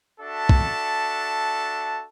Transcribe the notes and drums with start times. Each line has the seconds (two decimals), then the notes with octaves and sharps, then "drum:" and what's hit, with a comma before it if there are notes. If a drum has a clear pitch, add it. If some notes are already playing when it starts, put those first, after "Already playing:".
0.20 D4 F#4 A4 E5 A5
0.49 drum: kick